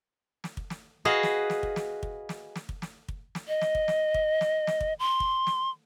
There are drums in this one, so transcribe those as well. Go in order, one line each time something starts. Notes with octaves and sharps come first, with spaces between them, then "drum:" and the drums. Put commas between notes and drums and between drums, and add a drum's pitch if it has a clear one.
drum: snare
drum: kick
drum: snare
F#4 G#4 B4 D#5 F5
drum: snare
drum: snare
drum: kick
drum: snare
drum: kick
drum: snare
drum: snare
drum: kick
drum: snare
drum: kick
drum: snare
D#5
drum: snare
drum: kick
drum: snare
drum: kick
drum: snare
drum: snare
drum: kick
C6
drum: kick
drum: snare